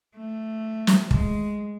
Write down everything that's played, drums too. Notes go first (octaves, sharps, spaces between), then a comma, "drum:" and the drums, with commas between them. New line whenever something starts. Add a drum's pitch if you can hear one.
A3
drum: snare
G#3, drum: kick